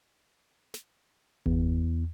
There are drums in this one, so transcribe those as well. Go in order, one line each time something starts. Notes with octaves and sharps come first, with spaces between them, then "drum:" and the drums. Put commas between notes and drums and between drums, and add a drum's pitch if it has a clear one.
drum: snare
E2, drum: kick G1